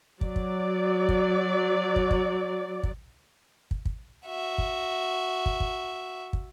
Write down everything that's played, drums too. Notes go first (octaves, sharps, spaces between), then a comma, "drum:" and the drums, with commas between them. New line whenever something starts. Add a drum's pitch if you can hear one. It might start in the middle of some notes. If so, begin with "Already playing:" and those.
F#3 D5, drum: kick
drum: kick
drum: kick
drum: kick
drum: kick
drum: kick
drum: kick
drum: kick
F#4 E5
drum: kick
drum: kick
drum: kick
drum: kick